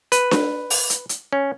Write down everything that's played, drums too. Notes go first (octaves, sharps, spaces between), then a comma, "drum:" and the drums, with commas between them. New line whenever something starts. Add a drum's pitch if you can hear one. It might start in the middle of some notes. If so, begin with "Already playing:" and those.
B4, drum: hi-hat
drum: snare D4
drum: open hi-hat
drum: hi-hat
drum: hi-hat
C#4